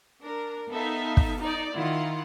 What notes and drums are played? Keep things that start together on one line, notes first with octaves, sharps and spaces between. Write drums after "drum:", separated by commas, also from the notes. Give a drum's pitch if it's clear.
D4 A#4
B3 D#4 A4 E5 F5
drum: kick
D#4 D5
D#3 E4 F4 F#5